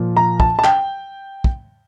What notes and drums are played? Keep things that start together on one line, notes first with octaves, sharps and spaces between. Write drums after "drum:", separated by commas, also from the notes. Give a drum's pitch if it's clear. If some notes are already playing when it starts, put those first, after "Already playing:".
Already playing: A#2 F3
A#5
A5, drum: kick
A5
G5, drum: clap
drum: kick